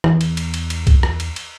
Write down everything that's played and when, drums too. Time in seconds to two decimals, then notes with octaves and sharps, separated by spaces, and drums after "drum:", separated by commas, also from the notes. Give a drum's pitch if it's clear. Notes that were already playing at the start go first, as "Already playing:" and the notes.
0.04 E2, drum: rim click
0.21 drum: cymbal
0.37 drum: cymbal
0.54 drum: cymbal
0.70 drum: cymbal
0.87 drum: kick, cymbal
1.03 drum: rim click
1.20 drum: cymbal
1.36 drum: cymbal